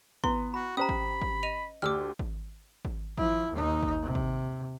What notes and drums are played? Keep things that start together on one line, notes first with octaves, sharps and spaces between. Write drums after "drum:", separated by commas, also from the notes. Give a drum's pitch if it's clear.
B3 E4 C6, drum: kick G#1
F#4 B5
C#4 G4 C5 A#5 B5 D#6
drum: kick G#1
drum: kick G#1
D#5 D#7 F7
D2 D4 G4 D6 E6 F6
drum: kick G#1
drum: kick G#1
F3 E4, drum: kick G#1
D#2 D#4
drum: kick G#1
C3
drum: kick G#1